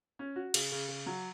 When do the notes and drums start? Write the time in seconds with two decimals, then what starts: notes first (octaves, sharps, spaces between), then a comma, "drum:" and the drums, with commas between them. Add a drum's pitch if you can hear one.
0.19 C#4
0.36 F#4
0.54 C#3, drum: cymbal
0.72 C#3
0.88 C#3
1.06 F#3